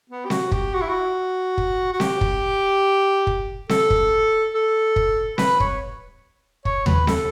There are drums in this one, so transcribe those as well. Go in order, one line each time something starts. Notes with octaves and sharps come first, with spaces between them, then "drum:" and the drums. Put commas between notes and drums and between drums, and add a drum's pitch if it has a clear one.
B3
G4
F#4, drum: snare C4
G4, drum: kick
F#4
E4
F#4
drum: kick
F#4
G4, drum: snare C4
drum: kick
drum: kick
A4, drum: snare C4
drum: kick
A4
drum: kick
B4, drum: snare C4
C#5, drum: kick
C#5, drum: kick
B4, drum: tom D#2
A4, drum: snare C4